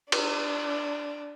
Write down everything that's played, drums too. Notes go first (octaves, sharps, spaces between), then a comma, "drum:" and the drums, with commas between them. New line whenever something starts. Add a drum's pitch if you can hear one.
D4, drum: cymbal